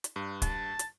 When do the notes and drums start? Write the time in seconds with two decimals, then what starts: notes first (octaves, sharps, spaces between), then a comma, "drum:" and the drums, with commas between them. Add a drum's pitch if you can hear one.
0.04 drum: hi-hat
0.16 G2
0.42 A5, drum: kick, hi-hat
0.79 drum: hi-hat